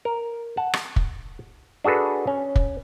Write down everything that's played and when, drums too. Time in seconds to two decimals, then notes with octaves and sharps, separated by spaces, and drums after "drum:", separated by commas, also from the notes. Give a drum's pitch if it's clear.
0.05 A#4
0.57 F#5 A5
0.74 drum: rim click
0.96 drum: kick
1.84 D4 F#4 G#4 A4 B4
2.27 C#4
2.56 drum: kick